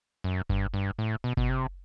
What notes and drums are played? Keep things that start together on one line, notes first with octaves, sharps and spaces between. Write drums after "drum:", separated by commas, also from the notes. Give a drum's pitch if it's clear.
F#2
G2, drum: kick F#1
G2
A2
B2
B2, drum: kick F#1
C3